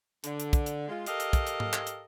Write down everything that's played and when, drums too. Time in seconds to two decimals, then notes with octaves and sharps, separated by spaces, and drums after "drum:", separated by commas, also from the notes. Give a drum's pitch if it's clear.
0.24 D3, drum: hi-hat
0.40 drum: hi-hat
0.53 drum: kick, hi-hat
0.66 drum: hi-hat
0.88 G#3 F4
1.06 G4 A4 A#4 D#5 F5, drum: hi-hat
1.20 drum: hi-hat
1.33 drum: kick, hi-hat
1.47 drum: hi-hat
1.60 drum: tom G#2
1.73 drum: clap
1.87 drum: hi-hat